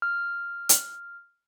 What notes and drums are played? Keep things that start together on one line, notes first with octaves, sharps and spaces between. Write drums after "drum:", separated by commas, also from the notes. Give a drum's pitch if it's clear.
F6
drum: hi-hat